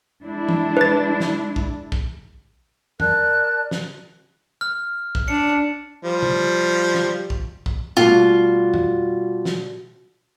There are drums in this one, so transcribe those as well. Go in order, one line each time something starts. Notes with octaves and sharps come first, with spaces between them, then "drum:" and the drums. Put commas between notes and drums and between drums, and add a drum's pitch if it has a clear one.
G#3 D4 E4
drum: tom
B4 A6
drum: snare
drum: kick
drum: kick
A#4 D5 A5 F#6, drum: tom F2
drum: snare
F6
drum: kick
D4 C#7
F3 G3
drum: tom
drum: snare
drum: kick
drum: kick
B2 G3 A3 F4
drum: tom F2
drum: snare